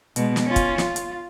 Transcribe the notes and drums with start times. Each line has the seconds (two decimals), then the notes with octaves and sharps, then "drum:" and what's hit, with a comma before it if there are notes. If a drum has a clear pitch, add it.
0.16 B2 G#3, drum: hi-hat
0.36 drum: snare
0.47 C#4 F4
0.56 drum: kick, hi-hat
0.78 F4, drum: snare
0.96 drum: hi-hat